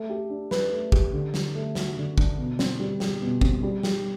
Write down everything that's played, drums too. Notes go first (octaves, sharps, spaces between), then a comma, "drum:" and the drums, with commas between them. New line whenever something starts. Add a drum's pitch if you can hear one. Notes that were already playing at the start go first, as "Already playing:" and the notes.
Already playing: A3
G4
D4
B4, drum: snare
A3
G4, drum: kick
D3
D4, drum: snare
A3
F#4, drum: snare
D3
D4, drum: kick
B2
C4, drum: snare
G3
G4, drum: snare
B2
C4, drum: kick
G3
G4, drum: snare